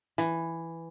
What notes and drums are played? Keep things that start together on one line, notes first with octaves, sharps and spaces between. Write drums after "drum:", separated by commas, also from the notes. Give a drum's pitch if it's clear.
E3, drum: hi-hat